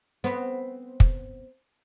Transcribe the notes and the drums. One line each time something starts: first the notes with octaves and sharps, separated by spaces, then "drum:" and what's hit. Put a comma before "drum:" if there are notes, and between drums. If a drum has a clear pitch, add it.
B3 C4
drum: kick